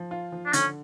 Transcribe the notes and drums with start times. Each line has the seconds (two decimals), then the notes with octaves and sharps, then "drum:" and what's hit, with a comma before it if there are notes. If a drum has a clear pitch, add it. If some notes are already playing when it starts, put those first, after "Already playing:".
Already playing: F3
0.11 F4
0.32 F3
0.46 D4
0.53 D3 C#4, drum: hi-hat